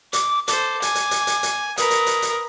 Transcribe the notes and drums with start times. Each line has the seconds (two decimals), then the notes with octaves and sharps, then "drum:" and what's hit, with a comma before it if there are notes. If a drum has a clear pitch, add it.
0.13 D6, drum: hi-hat
0.48 A4 C5 D6, drum: hi-hat
0.82 G#5, drum: hi-hat
0.95 drum: hi-hat
1.11 drum: hi-hat
1.27 drum: hi-hat
1.43 drum: hi-hat
1.78 A#4 B4 D#6, drum: hi-hat
1.91 drum: hi-hat
2.06 drum: hi-hat
2.22 drum: hi-hat